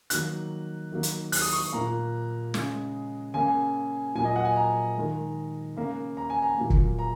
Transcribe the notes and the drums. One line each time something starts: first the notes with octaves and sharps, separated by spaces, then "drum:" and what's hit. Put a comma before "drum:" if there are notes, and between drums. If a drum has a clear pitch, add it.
D#3 F#3 A#3 F#6, drum: hi-hat
D#3 F#3 A#3
drum: hi-hat
F#6, drum: open hi-hat
D#6
C#6
A#2 A#3 A#5
C#3 G#3, drum: snare
C#3 A#3 G#5
A#2 F#3 A#3 G#5
D#5
F#5
G#5
A#5
D#3 G#3
C#3 A#3
A#5
G#5
A#5
A#2 F#3 A#3
drum: kick
A#5